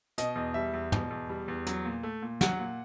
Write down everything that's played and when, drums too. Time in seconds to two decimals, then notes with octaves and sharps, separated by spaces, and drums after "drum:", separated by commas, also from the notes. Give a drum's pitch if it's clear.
0.18 B2 D#5, drum: hi-hat
0.36 E2
0.54 G3 E5
0.73 E2
0.92 B2, drum: tom
1.11 E2
1.29 G3
1.48 E2
1.67 F#3, drum: hi-hat
1.85 A#2
2.03 A3
2.22 A#2
2.41 F#3 F#5, drum: snare
2.59 A#2